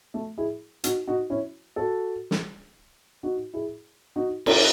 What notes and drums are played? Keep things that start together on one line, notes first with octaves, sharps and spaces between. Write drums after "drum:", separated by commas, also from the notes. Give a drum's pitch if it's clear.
A3
E4 G#4
D#4 F#4, drum: hi-hat
D#4 F#4
C#4 E4
F#4 A4
drum: snare
D#4 F#4
E4 G#4
D#4 F#4
C#4 E4, drum: cymbal